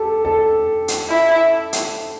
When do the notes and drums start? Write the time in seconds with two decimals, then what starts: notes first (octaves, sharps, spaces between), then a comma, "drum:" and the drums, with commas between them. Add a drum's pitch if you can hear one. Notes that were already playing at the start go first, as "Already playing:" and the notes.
Already playing: G4 A4
0.25 A4
0.88 drum: hi-hat
1.09 E4
1.73 drum: hi-hat